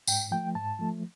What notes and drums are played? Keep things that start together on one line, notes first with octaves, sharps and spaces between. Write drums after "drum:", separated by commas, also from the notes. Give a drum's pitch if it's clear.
G#2 G5, drum: tambourine
F3 A3 G5
G#2 A5
F3 A3